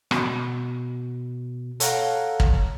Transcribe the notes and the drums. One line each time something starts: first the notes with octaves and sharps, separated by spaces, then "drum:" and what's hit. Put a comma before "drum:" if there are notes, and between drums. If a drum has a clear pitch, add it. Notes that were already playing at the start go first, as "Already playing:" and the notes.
B2, drum: rim click
A4 C#5 F5 F#5 A#5, drum: hi-hat
drum: kick